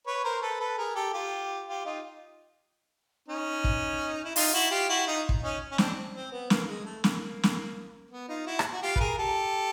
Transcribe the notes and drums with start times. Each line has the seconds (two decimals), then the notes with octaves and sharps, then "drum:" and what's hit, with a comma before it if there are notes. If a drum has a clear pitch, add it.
0.07 B4 C#5
0.24 A#4 C5
0.42 A4 B4
0.60 A4 B4
0.78 G#4 A#4
0.95 G4 A4
1.13 F4 G4
1.68 F4 G4
1.85 D#4 F4
3.28 C#4 D#4
3.64 drum: kick
4.24 E4
4.36 D#4 F4, drum: open hi-hat
4.53 E4 F#4
4.71 F4 G4
4.89 E4 F#4
5.07 D#4 F4
5.29 drum: kick
5.43 C#4 D#4
5.72 C#4
5.78 C4 D4, drum: snare
6.14 C4
6.32 B3
6.50 A#3, drum: snare
6.68 G#3
6.85 A3
7.04 A#3, drum: snare
7.43 drum: snare
8.11 B3
8.29 D#4 F4
8.46 E4 F#4
8.59 drum: rim click
8.73 F#4
8.83 F4 G4
8.96 B4, drum: kick
9.00 G#4 A#4
9.18 G4 A4